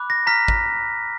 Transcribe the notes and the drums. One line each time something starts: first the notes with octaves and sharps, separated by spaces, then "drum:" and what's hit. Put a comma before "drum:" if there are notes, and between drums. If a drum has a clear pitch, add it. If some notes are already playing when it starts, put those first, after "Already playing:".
Already playing: B5 D6 F#6
A#6
A#5 F6 B6
drum: kick